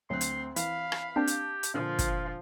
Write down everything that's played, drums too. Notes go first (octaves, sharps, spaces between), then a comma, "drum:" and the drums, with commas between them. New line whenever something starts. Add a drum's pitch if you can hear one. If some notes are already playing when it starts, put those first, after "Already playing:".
D2 F#3 C4 C6 F#6
drum: hi-hat
E3 F5 B5, drum: hi-hat
drum: rim click
A#3 C4 D4 G4 A5
drum: hi-hat
drum: hi-hat
A#2 D3 F3 F4
drum: kick, hi-hat